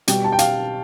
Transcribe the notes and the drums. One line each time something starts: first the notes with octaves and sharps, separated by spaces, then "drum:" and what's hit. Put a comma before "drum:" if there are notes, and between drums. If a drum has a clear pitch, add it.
B2 G3 G5, drum: hi-hat
A5
G5
F5, drum: hi-hat